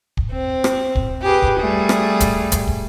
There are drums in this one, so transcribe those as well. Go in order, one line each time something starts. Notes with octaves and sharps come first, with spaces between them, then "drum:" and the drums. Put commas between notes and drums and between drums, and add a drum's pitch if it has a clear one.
drum: kick
C4
drum: rim click
drum: kick
G4 G#4 B4
drum: kick
G3 A3 G#4
drum: rim click
drum: kick, hi-hat
drum: kick, hi-hat
drum: kick